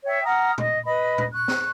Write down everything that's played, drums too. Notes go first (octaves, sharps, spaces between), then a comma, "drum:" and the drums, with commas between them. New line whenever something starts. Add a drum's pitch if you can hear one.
C#5 E5 G5
F#5 A#5 D#6 F6
D#5, drum: tom A#2
B4 D#5 B5
drum: tom A#2
C#6 F#6
drum: snare